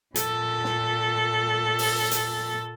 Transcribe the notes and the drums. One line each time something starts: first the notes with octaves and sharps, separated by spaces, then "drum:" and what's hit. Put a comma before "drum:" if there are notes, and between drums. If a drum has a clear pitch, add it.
A#2 A4, drum: hi-hat
drum: snare
drum: open hi-hat
drum: hi-hat